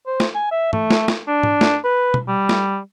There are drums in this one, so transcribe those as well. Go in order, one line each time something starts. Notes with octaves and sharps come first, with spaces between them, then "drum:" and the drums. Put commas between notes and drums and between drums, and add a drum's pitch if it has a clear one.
C5
drum: snare
G#5
E5
A3, drum: tom
drum: snare
drum: snare
D4
drum: tom G#2
drum: snare
B4
drum: tom B2
G3
drum: snare